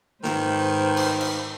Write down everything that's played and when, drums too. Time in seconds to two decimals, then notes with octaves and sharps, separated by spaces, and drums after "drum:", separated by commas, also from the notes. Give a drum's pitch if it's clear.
0.24 G#2 D#3 B4 C5, drum: snare
0.97 drum: cymbal
1.21 drum: cymbal